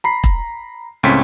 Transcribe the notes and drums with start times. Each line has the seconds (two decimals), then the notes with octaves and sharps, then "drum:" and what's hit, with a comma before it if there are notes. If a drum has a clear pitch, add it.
0.04 A#5 B5 C7
0.24 drum: kick E1
1.03 C#2 A2 C4 C#4 C6 B6